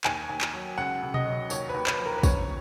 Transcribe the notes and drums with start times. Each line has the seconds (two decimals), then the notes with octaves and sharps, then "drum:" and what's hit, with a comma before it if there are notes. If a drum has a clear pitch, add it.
0.04 D#2 G#5, drum: clap
0.30 D#2
0.41 drum: clap
0.54 F#3
0.78 C#2 F#5
1.03 C#2
1.14 D#5, drum: tom B2
1.26 F#3
1.50 D#2 C#5, drum: tambourine
1.69 D#2 B4
1.87 B4, drum: clap
1.98 F3
2.05 A#4
2.18 B4
2.23 F#2 C#5, drum: kick, tambourine